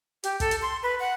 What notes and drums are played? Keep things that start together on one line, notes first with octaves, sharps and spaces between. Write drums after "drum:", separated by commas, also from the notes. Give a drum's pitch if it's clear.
G4, drum: hi-hat
A4, drum: kick, hi-hat
drum: hi-hat
C6
B4
F#5